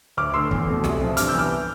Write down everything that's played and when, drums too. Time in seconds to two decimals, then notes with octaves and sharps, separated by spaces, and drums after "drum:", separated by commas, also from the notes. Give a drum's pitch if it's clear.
0.17 D2 D6 F6
0.34 D3 A3 C6 E6
0.51 E2, drum: kick
0.67 B2 A3 C4
0.84 C2, drum: snare
1.00 C3 F3
1.17 G2 D6 F6, drum: hi-hat
1.28 E6 G6
1.34 E3 B3
1.39 D6 F6